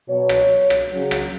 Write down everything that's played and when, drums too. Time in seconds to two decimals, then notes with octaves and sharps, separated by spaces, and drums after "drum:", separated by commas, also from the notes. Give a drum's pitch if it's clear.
0.08 B2 F#3 C#5
0.29 drum: rim click
0.70 drum: rim click
0.91 C#3 F#3
1.11 drum: rim click